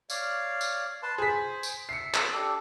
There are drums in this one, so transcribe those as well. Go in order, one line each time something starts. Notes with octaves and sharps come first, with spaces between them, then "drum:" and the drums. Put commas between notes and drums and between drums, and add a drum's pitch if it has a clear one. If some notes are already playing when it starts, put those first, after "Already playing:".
C#5 D5 F5, drum: tambourine
drum: tambourine
B4 A5 C6
G#4 C5 B6
drum: tambourine
E5 C7 C#7
drum: clap
D4 G4 A4